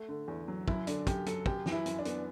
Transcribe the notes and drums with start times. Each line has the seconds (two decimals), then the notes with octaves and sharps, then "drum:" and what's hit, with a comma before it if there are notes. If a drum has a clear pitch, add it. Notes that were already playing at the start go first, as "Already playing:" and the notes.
Already playing: A3
0.09 D3
0.28 E2
0.48 F#3
0.68 F#2 E4, drum: kick
0.87 D3 D4, drum: hi-hat
1.07 F#2 G4, drum: kick, hi-hat
1.26 F#3 A4, drum: hi-hat
1.46 F#2 G4, drum: kick
1.66 E3, drum: snare
1.72 E4
1.86 F#2, drum: hi-hat
1.99 D4
2.05 B3, drum: hi-hat